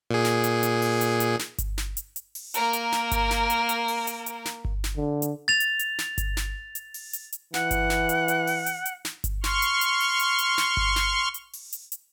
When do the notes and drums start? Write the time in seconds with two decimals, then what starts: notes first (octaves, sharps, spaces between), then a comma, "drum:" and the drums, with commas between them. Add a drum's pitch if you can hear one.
0.11 A#2 G#4
0.24 drum: snare
0.44 drum: hi-hat
0.63 drum: hi-hat
0.82 drum: open hi-hat
1.01 drum: hi-hat
1.20 drum: hi-hat
1.39 drum: snare
1.58 drum: kick G1, hi-hat
1.78 drum: snare
1.97 drum: hi-hat
2.16 drum: hi-hat
2.35 drum: open hi-hat
2.54 A#3 A#4, drum: hi-hat
2.73 drum: hi-hat
2.92 drum: snare
3.11 drum: kick G1, hi-hat
3.31 drum: snare
3.50 drum: hi-hat
3.69 drum: hi-hat
3.88 drum: open hi-hat
4.07 drum: hi-hat
4.26 drum: hi-hat
4.45 drum: snare
4.65 drum: kick G1
4.84 drum: snare
4.97 D3
5.22 drum: hi-hat
5.48 A6 F7
5.60 drum: hi-hat
5.79 drum: hi-hat
5.99 drum: snare
6.18 drum: kick G1, hi-hat
6.37 drum: snare
6.75 drum: hi-hat
6.94 drum: open hi-hat
7.13 drum: hi-hat
7.32 drum: hi-hat
7.54 E3 F#5, drum: snare
7.71 drum: kick G1, hi-hat
7.90 drum: snare
8.09 drum: hi-hat
8.28 drum: hi-hat
8.47 drum: open hi-hat
8.66 drum: hi-hat
8.86 drum: hi-hat
9.05 drum: snare
9.24 drum: kick G1, hi-hat
9.44 C6 C#6 F6, drum: snare
9.62 drum: hi-hat
9.81 drum: hi-hat
10.00 drum: open hi-hat
10.19 drum: hi-hat
10.39 drum: hi-hat
10.58 drum: snare
10.77 drum: kick G1
10.96 drum: snare
11.34 drum: hi-hat
11.53 drum: open hi-hat
11.73 drum: hi-hat
11.92 drum: hi-hat